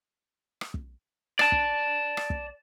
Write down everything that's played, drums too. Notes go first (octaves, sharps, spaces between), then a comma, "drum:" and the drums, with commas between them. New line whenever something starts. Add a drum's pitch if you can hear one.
drum: rim click
drum: kick
D5 A5, drum: rim click
drum: kick
drum: rim click
drum: kick